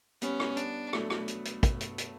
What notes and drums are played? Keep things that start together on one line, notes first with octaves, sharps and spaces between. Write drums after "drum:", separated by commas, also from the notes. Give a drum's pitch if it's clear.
G3 B3 C#4, drum: hi-hat
drum: rim click
D4, drum: hi-hat
F#3 A3, drum: rim click
drum: rim click
drum: hi-hat
drum: hi-hat
drum: kick, hi-hat
drum: hi-hat
drum: hi-hat